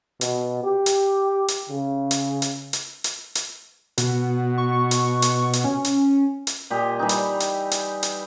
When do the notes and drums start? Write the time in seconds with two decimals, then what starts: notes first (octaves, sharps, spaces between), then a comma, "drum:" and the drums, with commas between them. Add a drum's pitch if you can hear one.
0.21 B2, drum: hi-hat
0.63 G4
0.86 drum: hi-hat
1.48 drum: hi-hat
1.69 C#3
2.11 drum: hi-hat
2.42 drum: hi-hat
2.73 drum: hi-hat
3.04 drum: hi-hat
3.35 drum: hi-hat
3.98 B2 F#4, drum: hi-hat
4.58 C#6
4.91 drum: hi-hat
5.22 drum: hi-hat
5.53 drum: hi-hat
5.64 C#4
5.85 drum: hi-hat
6.47 drum: hi-hat
6.70 A#2 G4 D#5
6.99 E3 G3 D#4
7.09 drum: hi-hat
7.40 drum: hi-hat
7.71 drum: hi-hat
8.03 drum: hi-hat